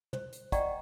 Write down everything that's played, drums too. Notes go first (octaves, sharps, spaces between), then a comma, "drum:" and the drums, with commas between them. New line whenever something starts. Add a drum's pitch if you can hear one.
C5, drum: tom
drum: hi-hat
D5 D#5 F#5 G5 A#5 C#6, drum: kick, hi-hat